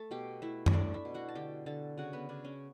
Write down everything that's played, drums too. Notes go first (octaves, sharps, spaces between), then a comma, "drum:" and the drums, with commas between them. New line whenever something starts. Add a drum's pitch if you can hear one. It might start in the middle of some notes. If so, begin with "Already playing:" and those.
Already playing: A3 A4 A5
B2 G4 G5
A3 E4 E5
C#5, drum: tom F#2
A3 D4 D5
E4 E5
B2
F#4 F#5
A5
D3 G4 G5
D3 A4 A5
C#3 F#4 F#5
B3 B4
C#3 D4
C#4